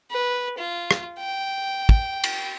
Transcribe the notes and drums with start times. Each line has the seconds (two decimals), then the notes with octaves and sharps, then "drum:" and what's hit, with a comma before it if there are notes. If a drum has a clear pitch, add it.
0.11 B4
0.58 F4
0.91 drum: rim click
1.19 G5
1.89 drum: kick
2.24 drum: cymbal